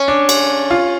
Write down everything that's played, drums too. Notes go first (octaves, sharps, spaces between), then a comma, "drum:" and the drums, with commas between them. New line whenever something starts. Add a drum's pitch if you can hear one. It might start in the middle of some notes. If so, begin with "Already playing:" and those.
Already playing: C#4
D4
drum: cymbal
F4